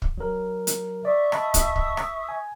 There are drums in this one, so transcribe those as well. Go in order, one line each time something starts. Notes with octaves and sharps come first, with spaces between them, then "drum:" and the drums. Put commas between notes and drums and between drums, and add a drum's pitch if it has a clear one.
drum: kick
F#3 A#4
drum: hi-hat
D5 E5 C#6 D#6
D#5 A5 B5, drum: rim click
drum: kick, hi-hat
drum: kick
drum: rim click
G#5